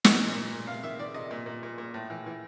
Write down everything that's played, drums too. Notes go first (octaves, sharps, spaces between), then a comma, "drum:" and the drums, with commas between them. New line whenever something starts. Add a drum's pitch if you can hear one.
A#2 F#5, drum: snare
A#2
A#2
A#2
C3 F5
D#3 E5
D#3 D5
C3 D#5
A#2
A#2
A#2
A#2
A2
E3
E3